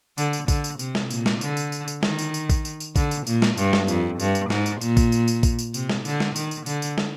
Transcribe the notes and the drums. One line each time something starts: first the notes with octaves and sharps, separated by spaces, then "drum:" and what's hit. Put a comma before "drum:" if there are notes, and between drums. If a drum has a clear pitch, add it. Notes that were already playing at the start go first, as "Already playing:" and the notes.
D3, drum: tambourine
drum: tambourine
D3, drum: kick A1, tambourine
drum: tambourine
C3, drum: tambourine
drum: snare
A#2, drum: tambourine
drum: snare
D3, drum: tambourine
drum: tambourine
drum: tambourine
drum: tambourine
D#3, drum: snare
drum: tambourine
drum: tambourine
drum: kick A1, tambourine
drum: tambourine
drum: tambourine
D3, drum: kick A1, tambourine
drum: tambourine
A#2, drum: tambourine
drum: snare
G2, drum: tambourine
drum: snare
F2, drum: tambourine
G2, drum: tambourine
drum: tambourine
G#2, drum: snare
drum: tambourine
A#2, drum: tambourine
drum: kick A1, tambourine
drum: tambourine
drum: tambourine
drum: kick A1, tambourine
drum: tambourine
C3, drum: tambourine
drum: snare
D3, drum: tambourine
drum: snare
D#3, drum: tambourine
drum: tambourine
D3, drum: tambourine
drum: tambourine
drum: snare